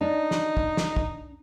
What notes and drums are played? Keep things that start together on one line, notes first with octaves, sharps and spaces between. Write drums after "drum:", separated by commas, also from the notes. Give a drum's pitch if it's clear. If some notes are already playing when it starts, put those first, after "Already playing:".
D4 D#4
drum: snare
drum: kick
drum: snare
drum: kick